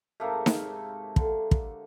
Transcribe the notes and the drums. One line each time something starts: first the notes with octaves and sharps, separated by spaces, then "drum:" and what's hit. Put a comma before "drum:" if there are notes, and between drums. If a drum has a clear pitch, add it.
G#2 C3 A3 A#3 F5
drum: snare D#4
D3, drum: kick
drum: kick